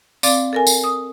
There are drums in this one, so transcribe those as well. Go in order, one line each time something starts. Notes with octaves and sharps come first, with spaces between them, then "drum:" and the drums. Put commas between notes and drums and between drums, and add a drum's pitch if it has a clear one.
C4 D5 F5 D6 A6, drum: tambourine
A4 A#4 G#5
drum: tambourine
D#6